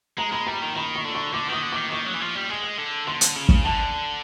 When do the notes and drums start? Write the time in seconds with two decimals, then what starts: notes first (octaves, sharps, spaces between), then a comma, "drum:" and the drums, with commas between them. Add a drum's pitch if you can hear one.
0.18 G#3 A#5
0.32 G#3 B5
0.47 G3 A#5
0.62 D#3
0.76 D#3 B5
0.96 C#6
1.05 D3
1.15 C#6
1.33 D3 D6
1.49 D#3 D#6
1.63 D3
1.72 D#3 D6
1.91 D#3 C#6
2.06 F#3
2.14 E3
2.21 F3
2.35 G3
2.50 G#3
2.78 D3
3.07 D3 C6
3.21 drum: hi-hat
3.36 C#3
3.49 drum: kick
3.64 D3 A5